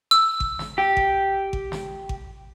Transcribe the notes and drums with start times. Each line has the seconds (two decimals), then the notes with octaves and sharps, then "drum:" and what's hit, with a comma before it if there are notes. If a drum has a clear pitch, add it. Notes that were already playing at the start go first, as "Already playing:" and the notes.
0.11 E6
0.40 drum: kick G#1
0.59 drum: snare
0.78 G4
0.97 drum: kick G#1
1.53 drum: kick G#1
1.72 drum: snare
2.09 drum: kick G#1